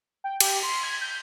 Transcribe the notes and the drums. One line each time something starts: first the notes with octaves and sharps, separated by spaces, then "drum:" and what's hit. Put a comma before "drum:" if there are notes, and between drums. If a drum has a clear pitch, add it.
G5
G4, drum: cymbal
C6
G#6
G6